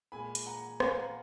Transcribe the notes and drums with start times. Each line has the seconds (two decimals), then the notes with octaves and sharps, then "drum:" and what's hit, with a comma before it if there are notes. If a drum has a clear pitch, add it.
0.12 A#2 G#3 G#5 B5
0.35 drum: hi-hat
0.46 F#5 A#5
0.80 F5 G#5, drum: rim click
0.97 F#5 A#5